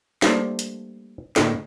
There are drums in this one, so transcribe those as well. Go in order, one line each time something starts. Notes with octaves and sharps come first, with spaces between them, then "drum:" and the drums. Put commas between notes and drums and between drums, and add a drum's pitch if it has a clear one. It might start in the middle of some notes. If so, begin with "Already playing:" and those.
G3 A3 A#3 D4 C5 D5, drum: snare
drum: hi-hat
A2 D3 A#3 D#5 G5, drum: snare